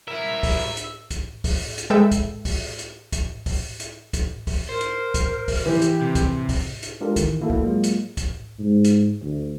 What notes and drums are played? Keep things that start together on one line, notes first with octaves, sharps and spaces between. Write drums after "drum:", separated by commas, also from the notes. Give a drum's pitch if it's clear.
E4 A#4 E5
drum: kick, open hi-hat
drum: hi-hat
drum: kick, hi-hat
drum: kick, open hi-hat
drum: hi-hat
G#3 A4 B4 E5 G5
drum: kick, hi-hat
drum: kick, open hi-hat
drum: hi-hat
drum: kick, hi-hat
drum: kick, open hi-hat
drum: hi-hat
drum: kick, hi-hat
drum: kick, open hi-hat
A#4 C5
drum: hi-hat
drum: kick, hi-hat
drum: kick, open hi-hat
E3 G4
drum: hi-hat
C3
drum: kick, hi-hat
drum: kick, open hi-hat
drum: hi-hat
G#3 D4 F4 G4 A4 A#4
D#3 E3, drum: kick, hi-hat
A3 A#3 E4 F#4 A4
drum: kick
F#3 G#3 A#3 F4
drum: hi-hat
drum: kick, hi-hat
G#2
drum: hi-hat
D2